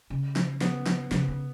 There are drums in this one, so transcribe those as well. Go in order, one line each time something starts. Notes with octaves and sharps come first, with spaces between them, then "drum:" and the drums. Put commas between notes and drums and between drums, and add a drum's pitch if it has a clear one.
C#3
drum: snare
B3, drum: snare
drum: snare
C#3, drum: snare
C#3